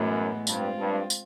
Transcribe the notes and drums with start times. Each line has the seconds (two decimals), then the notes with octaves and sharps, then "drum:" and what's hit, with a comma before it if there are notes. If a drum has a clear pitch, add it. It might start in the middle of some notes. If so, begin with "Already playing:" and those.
Already playing: F#2 A2 E3 G#3 B3
0.47 G2 G#3 C4 F4, drum: tambourine
0.79 G2
1.10 drum: tambourine